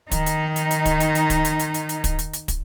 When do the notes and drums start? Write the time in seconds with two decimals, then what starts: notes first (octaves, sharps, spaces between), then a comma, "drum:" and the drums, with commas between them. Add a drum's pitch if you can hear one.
0.11 D#3 D#4, drum: kick, hi-hat
0.26 drum: hi-hat
0.56 drum: hi-hat
0.71 drum: hi-hat
0.85 drum: kick, hi-hat
1.00 drum: hi-hat
1.15 drum: hi-hat
1.30 drum: kick, hi-hat
1.45 drum: hi-hat
1.59 drum: hi-hat
1.74 drum: hi-hat
1.89 drum: hi-hat
2.04 drum: kick, hi-hat
2.19 drum: hi-hat
2.33 drum: hi-hat
2.48 drum: kick, hi-hat